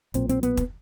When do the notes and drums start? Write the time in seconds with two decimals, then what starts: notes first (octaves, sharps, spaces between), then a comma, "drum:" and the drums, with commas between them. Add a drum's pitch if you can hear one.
0.14 B1 A#2 C4, drum: hi-hat
0.29 C4, drum: hi-hat
0.43 B3, drum: hi-hat
0.57 drum: kick, hi-hat